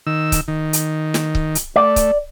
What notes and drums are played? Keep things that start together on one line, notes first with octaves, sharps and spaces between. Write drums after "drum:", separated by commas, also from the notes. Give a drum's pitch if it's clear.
D#3 E6
drum: kick C#1, hi-hat
D#3
drum: hi-hat
drum: snare
drum: kick C#1
drum: hi-hat
A3 D5
drum: kick C#1, hi-hat